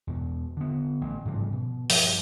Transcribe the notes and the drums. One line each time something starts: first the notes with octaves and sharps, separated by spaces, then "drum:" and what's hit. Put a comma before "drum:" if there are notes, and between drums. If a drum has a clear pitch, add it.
E2 B2
D3 B3
A1
G#2 C#3 F3 G3
B2
G2 F3, drum: open hi-hat